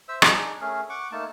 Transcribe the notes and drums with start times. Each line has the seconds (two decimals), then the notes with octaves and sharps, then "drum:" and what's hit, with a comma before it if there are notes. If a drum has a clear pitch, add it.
0.08 C5 E5 E6
0.22 D4 D#4 G#4, drum: rim click
0.61 A3 C#4 G#4 A#4
0.89 F#5 C#6 D6
1.12 A3 A#3 D#4 A5